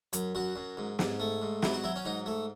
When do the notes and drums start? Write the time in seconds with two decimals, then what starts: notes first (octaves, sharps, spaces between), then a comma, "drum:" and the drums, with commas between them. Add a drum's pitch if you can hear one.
0.13 F#2, drum: hi-hat
0.35 F#2 F#4
0.56 F#2
0.77 G#2
0.99 G#2, drum: snare
1.20 A3
1.42 G#2
1.62 F#3 E4, drum: snare
1.73 F#4
1.84 F#3 E4
1.96 C#4
2.05 G#2 D#4
2.26 A3